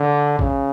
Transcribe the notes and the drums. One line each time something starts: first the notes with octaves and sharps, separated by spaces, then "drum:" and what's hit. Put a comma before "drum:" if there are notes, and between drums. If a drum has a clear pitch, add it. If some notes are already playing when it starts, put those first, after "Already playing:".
Already playing: D3
C#3, drum: kick